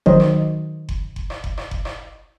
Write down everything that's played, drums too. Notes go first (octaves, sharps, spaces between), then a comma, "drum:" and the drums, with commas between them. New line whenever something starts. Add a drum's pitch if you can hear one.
D#3 F#3 A#4 C5 D#5, drum: kick F#1
drum: rim click
drum: kick F#1
drum: kick F#1
drum: rim click
drum: kick F#1
drum: rim click
drum: kick F#1
drum: rim click